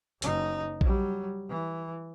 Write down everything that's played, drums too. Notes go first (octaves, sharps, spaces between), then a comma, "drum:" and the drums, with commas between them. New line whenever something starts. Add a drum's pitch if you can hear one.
F#1 D#4, drum: hi-hat
F#3 G3, drum: kick A#1
E3